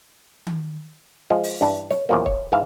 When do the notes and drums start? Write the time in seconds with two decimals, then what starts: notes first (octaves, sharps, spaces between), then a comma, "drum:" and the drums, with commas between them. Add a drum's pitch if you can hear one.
0.47 drum: tom D#3
1.30 F3 G#3
1.43 drum: open hi-hat
1.61 G2 E3 D4
1.91 C#5, drum: snare
2.09 E2 A#2 F3 F#3 A#3
2.26 C#5, drum: kick
2.52 G#2 E3 E5 F5